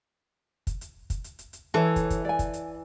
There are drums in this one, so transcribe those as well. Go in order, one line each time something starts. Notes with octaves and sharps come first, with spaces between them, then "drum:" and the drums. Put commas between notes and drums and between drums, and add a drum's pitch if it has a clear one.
drum: kick, hi-hat
drum: hi-hat
drum: kick, hi-hat
drum: hi-hat
drum: hi-hat
drum: hi-hat
E3 A4 C#5
drum: kick, hi-hat
drum: kick, hi-hat
D5 G#5
drum: kick, hi-hat
drum: hi-hat